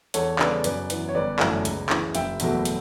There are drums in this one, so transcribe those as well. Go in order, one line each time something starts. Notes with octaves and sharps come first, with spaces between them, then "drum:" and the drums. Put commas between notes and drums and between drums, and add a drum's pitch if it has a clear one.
E2 A4 C#5, drum: hi-hat
C#3 G3 B3 B4 D5, drum: clap
F#2 B4 D5, drum: hi-hat
E3 B3, drum: hi-hat
C#5
G1 B4 D5
F#2 E3 A3, drum: clap
C#2, drum: hi-hat
C#3 E3, drum: clap
F#1 E5 G5, drum: hi-hat
E2 B2 F#3 A3, drum: hi-hat
drum: hi-hat